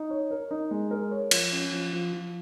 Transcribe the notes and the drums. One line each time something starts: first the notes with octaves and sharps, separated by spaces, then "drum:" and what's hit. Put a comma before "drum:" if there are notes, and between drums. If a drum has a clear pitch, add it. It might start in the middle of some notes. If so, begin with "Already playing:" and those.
Already playing: D#4
C#5
A#4
D#4
G#3
A#4
C#5
F3, drum: cymbal
C#4
F3
F3
F3